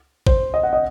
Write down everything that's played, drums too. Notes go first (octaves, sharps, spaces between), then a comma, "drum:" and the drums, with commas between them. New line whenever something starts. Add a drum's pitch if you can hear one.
C5, drum: kick
D#5
F#5
D#5